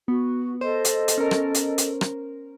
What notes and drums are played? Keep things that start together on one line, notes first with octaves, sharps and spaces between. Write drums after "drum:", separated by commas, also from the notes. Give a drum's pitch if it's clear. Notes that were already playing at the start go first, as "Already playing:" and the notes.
B3 F#4
A4 C5 D#5
drum: hi-hat
drum: hi-hat
C#4 A#4
drum: rim click
drum: hi-hat
drum: hi-hat
drum: rim click